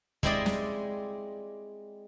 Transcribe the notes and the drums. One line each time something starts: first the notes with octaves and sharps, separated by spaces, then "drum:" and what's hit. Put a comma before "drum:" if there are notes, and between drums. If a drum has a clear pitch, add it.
G#3 C4 E4 G4 D5 D#5, drum: kick
drum: snare